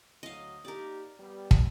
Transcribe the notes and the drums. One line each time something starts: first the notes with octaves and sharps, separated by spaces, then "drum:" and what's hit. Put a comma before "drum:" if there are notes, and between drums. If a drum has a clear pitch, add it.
D2 F#3 D#5 F5
A#3 D#4 G4 A#4 D5
G3 B3
drum: kick